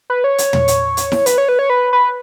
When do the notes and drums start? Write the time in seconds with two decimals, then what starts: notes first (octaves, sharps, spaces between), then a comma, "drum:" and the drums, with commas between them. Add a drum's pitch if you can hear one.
0.10 B4
0.24 C#5
0.38 drum: hi-hat
0.53 drum: tom
0.68 drum: hi-hat
0.97 drum: hi-hat
1.12 drum: snare E4
1.26 B4, drum: hi-hat
1.38 C#5
1.49 B4
1.59 C#5
1.70 B4
1.93 B4